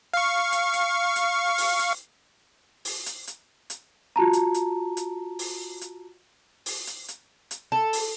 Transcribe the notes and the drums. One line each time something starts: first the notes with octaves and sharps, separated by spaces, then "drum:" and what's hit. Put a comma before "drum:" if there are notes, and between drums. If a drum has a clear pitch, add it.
F5 C#6
drum: hi-hat
drum: hi-hat
drum: hi-hat
drum: open hi-hat
drum: hi-hat
drum: open hi-hat
drum: hi-hat
drum: hi-hat
drum: hi-hat
F4 F#4 A5 A#5
drum: hi-hat
drum: hi-hat
drum: hi-hat
drum: open hi-hat
drum: hi-hat
drum: open hi-hat
drum: hi-hat
drum: hi-hat
drum: hi-hat
A4
drum: open hi-hat